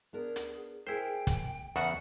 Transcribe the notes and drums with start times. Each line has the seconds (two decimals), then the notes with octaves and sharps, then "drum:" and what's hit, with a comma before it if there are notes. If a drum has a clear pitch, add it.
0.13 B3 D4 G#4 A#4
0.36 drum: hi-hat
0.87 E4 G#4 A#4 C5 G5
1.27 drum: kick, hi-hat
1.76 E2 C#3 A4 F#5